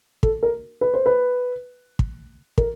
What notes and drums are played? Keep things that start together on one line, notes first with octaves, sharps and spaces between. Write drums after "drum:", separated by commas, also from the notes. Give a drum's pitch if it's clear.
A4, drum: kick
A#4
B4
C5
B4
drum: kick
A#4, drum: kick